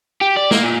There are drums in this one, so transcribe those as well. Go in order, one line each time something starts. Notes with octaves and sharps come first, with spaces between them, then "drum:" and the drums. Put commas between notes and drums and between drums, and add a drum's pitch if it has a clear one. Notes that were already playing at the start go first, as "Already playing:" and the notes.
G4
D5
A#3, drum: snare
A#2